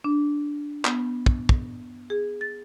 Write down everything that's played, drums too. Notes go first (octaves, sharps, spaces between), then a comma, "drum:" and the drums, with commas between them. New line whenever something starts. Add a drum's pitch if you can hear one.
D4
B3, drum: clap
drum: kick
drum: kick
G#4
A6